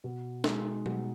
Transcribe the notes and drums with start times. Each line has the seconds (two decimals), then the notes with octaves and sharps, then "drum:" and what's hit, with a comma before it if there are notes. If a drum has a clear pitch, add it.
0.04 B2
0.44 G#3 D#4, drum: snare
0.86 B2, drum: tom F#3